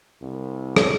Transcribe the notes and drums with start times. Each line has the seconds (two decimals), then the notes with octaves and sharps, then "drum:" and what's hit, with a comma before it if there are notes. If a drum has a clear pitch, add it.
0.22 C2
0.76 drum: rim click